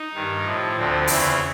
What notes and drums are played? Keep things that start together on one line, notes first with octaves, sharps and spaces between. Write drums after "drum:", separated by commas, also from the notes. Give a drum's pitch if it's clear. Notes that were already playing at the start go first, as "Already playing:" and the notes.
Already playing: D#4
G2 D#3
A2 F3
D2 D3 F3 C4
E2 C#3 E3 C4, drum: open hi-hat